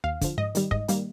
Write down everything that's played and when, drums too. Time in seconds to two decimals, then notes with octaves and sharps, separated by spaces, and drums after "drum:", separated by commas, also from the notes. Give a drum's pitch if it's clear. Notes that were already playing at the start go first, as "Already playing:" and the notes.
0.04 D#2 F5
0.21 D3 F3, drum: kick, hi-hat
0.38 G#2 D#5
0.55 D#3 G3, drum: hi-hat
0.71 G#2 D#5, drum: kick
0.88 D#3 G3 A#3, drum: hi-hat